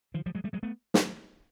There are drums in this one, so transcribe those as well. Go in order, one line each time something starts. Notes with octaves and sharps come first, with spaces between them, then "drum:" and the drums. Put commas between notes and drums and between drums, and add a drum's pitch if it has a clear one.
D#3 F3
F3 G3
F#3 G#3
G3 A3
F#3 G#3
A3 B3
drum: snare